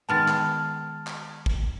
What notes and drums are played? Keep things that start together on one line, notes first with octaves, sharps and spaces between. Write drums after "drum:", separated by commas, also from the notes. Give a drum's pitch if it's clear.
D#3 G#3 B3 A5 F6 A6
drum: clap
drum: clap
drum: kick A1